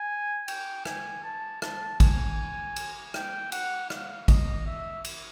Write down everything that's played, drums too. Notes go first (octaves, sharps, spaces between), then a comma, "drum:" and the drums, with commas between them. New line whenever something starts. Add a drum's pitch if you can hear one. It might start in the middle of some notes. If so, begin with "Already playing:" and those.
Already playing: G#5
G5, drum: cymbal
G#5, drum: rim click
A5
A5, drum: rim click
G#5, drum: kick, cymbal
drum: cymbal
G5, drum: rim click
F#5, drum: cymbal
F5, drum: rim click
D#5, drum: kick, cymbal
E5
drum: cymbal